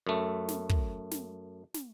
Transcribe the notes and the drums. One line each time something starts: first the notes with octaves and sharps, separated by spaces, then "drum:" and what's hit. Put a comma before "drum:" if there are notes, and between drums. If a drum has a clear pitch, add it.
F#2 A3
drum: snare
drum: kick
drum: snare
drum: snare